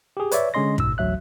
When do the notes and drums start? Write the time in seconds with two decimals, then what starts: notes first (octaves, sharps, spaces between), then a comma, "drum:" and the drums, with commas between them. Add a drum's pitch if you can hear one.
0.17 G4 G#4
0.31 B4 C#5 D5 E5, drum: hi-hat
0.54 D3 G#3 C#4 D#5 C6 A#6
0.78 G#2 B2 E6, drum: kick
0.98 A1 D2 F#3 E5 F#6